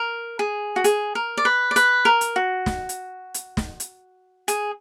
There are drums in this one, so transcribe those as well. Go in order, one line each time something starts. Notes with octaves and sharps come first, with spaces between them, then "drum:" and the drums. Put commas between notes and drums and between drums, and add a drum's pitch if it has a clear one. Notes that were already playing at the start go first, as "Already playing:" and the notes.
Already playing: A#4
G#4
F#4
G#4, drum: hi-hat
A#4
D5
B4
D5
B4, drum: hi-hat
A#4
drum: hi-hat
F#4
drum: snare
drum: hi-hat
drum: hi-hat
drum: snare
drum: hi-hat
G#4, drum: hi-hat